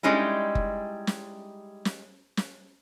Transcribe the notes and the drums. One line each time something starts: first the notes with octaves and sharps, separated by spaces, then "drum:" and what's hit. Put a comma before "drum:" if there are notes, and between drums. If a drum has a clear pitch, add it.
G3 G#3 C#4 D#4 E4
drum: kick F#1
drum: snare
drum: snare
drum: snare